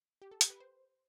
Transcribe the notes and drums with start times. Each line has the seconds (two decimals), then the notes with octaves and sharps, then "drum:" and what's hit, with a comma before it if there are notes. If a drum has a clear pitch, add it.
0.22 G4
0.31 A4
0.41 G4, drum: hi-hat
0.50 B4
0.60 C5